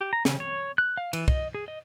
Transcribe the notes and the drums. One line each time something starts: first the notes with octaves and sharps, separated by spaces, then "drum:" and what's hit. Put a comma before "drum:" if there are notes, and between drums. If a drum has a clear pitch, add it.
G4
A#5
C#3, drum: snare
C#5
F#6
F5
E3, drum: cymbal
D#5, drum: kick
G#4
D#5